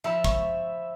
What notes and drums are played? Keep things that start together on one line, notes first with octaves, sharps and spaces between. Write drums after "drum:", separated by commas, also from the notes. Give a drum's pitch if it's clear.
F3 E5 B5
C#6, drum: kick